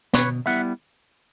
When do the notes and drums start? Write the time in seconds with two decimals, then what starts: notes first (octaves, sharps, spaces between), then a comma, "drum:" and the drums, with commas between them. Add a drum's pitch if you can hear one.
0.14 B2 B4 C#5, drum: snare
0.46 G3 B3 E4 E5 F#5